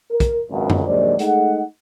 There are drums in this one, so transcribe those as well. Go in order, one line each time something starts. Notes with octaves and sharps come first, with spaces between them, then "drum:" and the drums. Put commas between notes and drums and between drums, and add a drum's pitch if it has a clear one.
A#4
drum: kick, hi-hat
G#1 C#2 F#2
drum: tom F#2
A#1 D#2 F#3 G#3 C5 D5
G#3 A3 D#4 G#4 D#5 F#5, drum: hi-hat